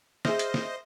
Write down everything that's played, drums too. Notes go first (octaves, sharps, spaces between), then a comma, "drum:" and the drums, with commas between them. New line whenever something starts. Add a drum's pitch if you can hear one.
G#4 C5 D#5 E5 F6, drum: snare
drum: hi-hat
drum: snare